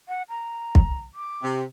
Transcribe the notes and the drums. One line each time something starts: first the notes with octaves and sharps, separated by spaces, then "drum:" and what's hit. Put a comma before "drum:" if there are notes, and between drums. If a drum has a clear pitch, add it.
F#5
A#5
drum: kick
D6
C3